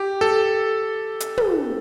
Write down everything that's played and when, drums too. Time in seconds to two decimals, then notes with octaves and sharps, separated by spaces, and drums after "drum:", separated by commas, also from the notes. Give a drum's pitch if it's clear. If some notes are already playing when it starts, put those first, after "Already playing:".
Already playing: G4
0.21 A4
1.20 drum: hi-hat
1.37 drum: tom